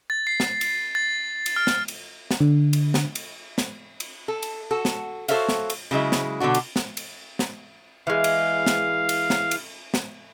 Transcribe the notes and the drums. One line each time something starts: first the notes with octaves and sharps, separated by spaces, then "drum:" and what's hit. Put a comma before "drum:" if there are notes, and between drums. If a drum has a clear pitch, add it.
A6
C7
drum: snare
drum: cymbal
A6
drum: cymbal
F6
drum: snare
drum: cymbal
drum: snare
D3
drum: cymbal
drum: snare
drum: cymbal
drum: snare
drum: cymbal
A4
drum: cymbal
F#4 A4
drum: snare
F#4 A4 C5 C#5 E5 F5, drum: cymbal
drum: snare
drum: cymbal
C#3 F#3 G#3 E4
drum: snare
B2 D3 F#3 D4 F#4
drum: cymbal
drum: snare
drum: cymbal
drum: snare
E3 G#3 F5
drum: cymbal
drum: snare
drum: cymbal
drum: snare
drum: cymbal
drum: snare